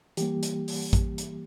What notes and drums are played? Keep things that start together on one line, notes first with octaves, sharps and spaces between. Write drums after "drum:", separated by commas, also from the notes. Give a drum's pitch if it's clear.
E3 G3 A#3 G4, drum: hi-hat
drum: hi-hat
drum: open hi-hat
drum: kick, hi-hat
drum: hi-hat